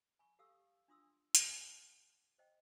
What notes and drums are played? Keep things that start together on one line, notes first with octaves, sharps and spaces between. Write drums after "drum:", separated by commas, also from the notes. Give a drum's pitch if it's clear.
G#5 B5 C#6
G4 A4 F5 D#6 E6
D4 F4 C6 D#6 E6
drum: hi-hat
F#5 G#5 A#5 B5
C5 D#5 G5